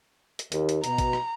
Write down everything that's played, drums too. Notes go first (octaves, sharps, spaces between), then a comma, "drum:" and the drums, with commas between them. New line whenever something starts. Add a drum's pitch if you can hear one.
drum: hi-hat
D#2, drum: hi-hat
drum: hi-hat
B2 A#5, drum: hi-hat
drum: kick G#1, hi-hat
drum: rim click